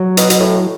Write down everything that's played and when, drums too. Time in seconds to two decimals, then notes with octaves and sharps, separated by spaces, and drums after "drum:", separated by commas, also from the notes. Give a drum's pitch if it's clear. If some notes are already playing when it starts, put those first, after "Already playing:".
Already playing: F#3
0.17 B2, drum: hi-hat
0.30 B2, drum: hi-hat
0.40 A2